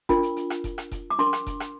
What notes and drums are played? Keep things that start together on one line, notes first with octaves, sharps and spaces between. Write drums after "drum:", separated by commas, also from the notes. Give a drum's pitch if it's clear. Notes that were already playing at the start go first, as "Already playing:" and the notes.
D4 F4 A#4, drum: kick F1, hi-hat
drum: hi-hat
drum: hi-hat
drum: rim click
drum: kick F1, hi-hat
drum: rim click
drum: kick F1, hi-hat
D6
D4 A#4 C6, drum: hi-hat
drum: rim click
drum: kick F1, hi-hat
drum: rim click